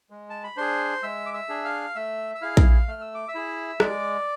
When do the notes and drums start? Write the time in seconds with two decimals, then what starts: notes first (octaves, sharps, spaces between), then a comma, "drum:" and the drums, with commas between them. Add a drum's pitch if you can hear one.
0.10 G#3
0.30 A5
0.43 B5
0.57 D4 G#4 C5 C6
1.03 G#3 E5 E6
1.26 D6
1.34 E5 E6
1.49 D4 G#4
1.64 F5 F6
1.95 A3 E5 E6
2.35 E6
2.41 E4 G#4 F5 F6
2.57 drum: kick
2.88 A3 F6
3.01 E6
3.15 D6
3.28 E5 E6
3.35 E4 G#4
3.80 G#3 D5 D6, drum: rim click